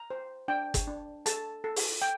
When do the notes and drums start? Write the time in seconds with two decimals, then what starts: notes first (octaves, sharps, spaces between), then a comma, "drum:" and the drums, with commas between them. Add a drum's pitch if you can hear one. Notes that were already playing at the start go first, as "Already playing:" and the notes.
Already playing: A#5
0.10 C5
0.48 D4 G5
0.74 drum: kick, hi-hat
0.87 D4
1.26 A4 A5, drum: hi-hat
1.64 A4
1.76 drum: open hi-hat
2.02 G5